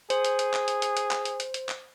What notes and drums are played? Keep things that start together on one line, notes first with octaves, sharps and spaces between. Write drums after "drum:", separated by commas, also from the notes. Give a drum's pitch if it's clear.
G#4 C5, drum: hi-hat
drum: hi-hat
drum: hi-hat
drum: clap
drum: hi-hat
drum: hi-hat
drum: hi-hat
drum: clap
drum: hi-hat
drum: hi-hat
drum: hi-hat
drum: clap